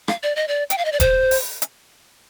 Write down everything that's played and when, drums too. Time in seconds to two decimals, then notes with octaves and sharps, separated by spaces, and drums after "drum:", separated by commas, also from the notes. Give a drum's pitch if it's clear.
0.08 F5, drum: rim click
0.23 D5
0.36 D#5
0.48 D5
0.70 G5, drum: hi-hat
0.78 F5
0.85 D#5
0.92 D5
1.00 C5, drum: kick E1, hi-hat
1.31 drum: open hi-hat
1.62 drum: hi-hat